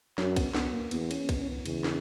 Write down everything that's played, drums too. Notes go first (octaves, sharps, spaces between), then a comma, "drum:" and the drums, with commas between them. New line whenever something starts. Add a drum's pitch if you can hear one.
F#2 F#3, drum: snare
B3, drum: kick, cymbal
B3, drum: snare
A#3
E2 B3, drum: cymbal
C#4, drum: cymbal
B3, drum: kick, cymbal
C#4
B3
E2 C#3, drum: cymbal
drum: snare